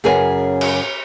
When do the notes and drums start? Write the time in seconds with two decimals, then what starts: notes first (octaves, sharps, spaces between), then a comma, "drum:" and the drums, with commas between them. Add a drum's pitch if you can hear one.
0.04 F#2 C#3 G#4 A#4 B4 G#5
0.61 drum: cymbal